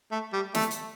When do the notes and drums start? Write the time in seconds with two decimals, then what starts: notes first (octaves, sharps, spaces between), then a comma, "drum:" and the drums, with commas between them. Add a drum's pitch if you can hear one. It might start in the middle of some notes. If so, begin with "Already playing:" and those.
0.12 A3
0.33 G3
0.55 A3, drum: snare
0.71 drum: hi-hat